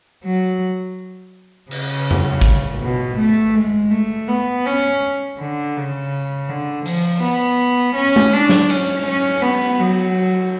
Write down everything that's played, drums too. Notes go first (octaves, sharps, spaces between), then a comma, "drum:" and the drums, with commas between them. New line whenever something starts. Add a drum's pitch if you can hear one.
F#3
C#3, drum: cymbal
drum: tom F2
drum: kick G#1
B2
A3
G#3
A3
B3
C#4
D3
C#3
D3
F3, drum: hi-hat
B3
C#4
drum: tom G#3
D4
drum: snare
C#4, drum: cymbal
C#4
B3
F#3